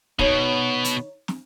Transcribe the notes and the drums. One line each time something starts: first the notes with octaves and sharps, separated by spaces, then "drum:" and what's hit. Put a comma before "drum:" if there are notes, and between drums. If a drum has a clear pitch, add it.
B2 D#4 C#5, drum: kick
drum: hi-hat
drum: snare